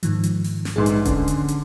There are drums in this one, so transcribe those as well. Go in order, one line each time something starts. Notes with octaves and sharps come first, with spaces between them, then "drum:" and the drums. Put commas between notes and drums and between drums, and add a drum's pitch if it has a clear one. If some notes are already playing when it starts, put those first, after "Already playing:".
G#2 D#3 F3, drum: hi-hat
drum: hi-hat
drum: open hi-hat
drum: snare
A#1 G#2 G#4 B4 C6
drum: hi-hat
D3 C#4, drum: kick D#1, hi-hat
drum: hi-hat
drum: hi-hat